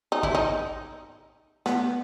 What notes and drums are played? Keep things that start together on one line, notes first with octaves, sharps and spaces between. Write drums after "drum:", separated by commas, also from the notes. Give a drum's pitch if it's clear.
D#4
E4, drum: kick
D#4
B3, drum: snare